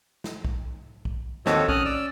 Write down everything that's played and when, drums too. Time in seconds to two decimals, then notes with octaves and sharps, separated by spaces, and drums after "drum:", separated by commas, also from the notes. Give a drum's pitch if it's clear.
0.24 drum: snare
0.45 drum: kick
1.05 drum: kick
1.46 D#2 C4 F#4 A4 C#5 D#5, drum: snare
1.68 C#4 D#6 F6 F#6, drum: kick
1.85 D5 E6